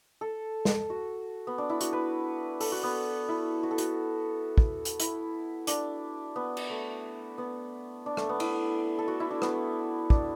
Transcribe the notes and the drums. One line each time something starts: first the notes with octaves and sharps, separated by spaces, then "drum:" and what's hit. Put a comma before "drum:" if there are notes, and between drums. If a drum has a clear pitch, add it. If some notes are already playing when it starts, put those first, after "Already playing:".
A4
drum: snare
F#4
B3
D4
E4
F#4, drum: hi-hat
B4
A4, drum: open hi-hat
F#4
B3
E4
F#4
A4
F#4, drum: hi-hat
drum: kick
drum: hi-hat
E4, drum: hi-hat
D4, drum: hi-hat
B3
drum: cymbal
A3
B3
D4
A3, drum: rim click
B3
E4, drum: cymbal
A4
F#4
E4
D4
B3, drum: rim click
D4, drum: kick